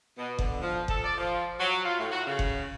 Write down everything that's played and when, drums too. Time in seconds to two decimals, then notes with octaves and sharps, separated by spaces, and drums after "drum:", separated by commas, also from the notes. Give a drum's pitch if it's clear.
0.18 B2
0.39 D3, drum: kick F#1
0.62 F3
0.88 A4, drum: kick F#1
1.04 D5
1.18 F3
1.60 F#3
1.85 F4
1.99 A2
2.12 F#4
2.27 C#3
2.39 drum: kick F#1